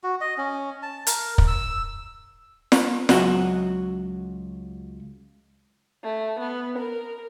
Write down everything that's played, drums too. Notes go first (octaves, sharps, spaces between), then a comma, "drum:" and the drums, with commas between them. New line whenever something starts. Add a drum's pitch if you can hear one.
F#4
D#5
C#4
A5
A#4, drum: hi-hat
drum: kick
E6
drum: snare
C#2 F#3 F#4 D#5 E5 G#5, drum: snare
A3
B3
A#4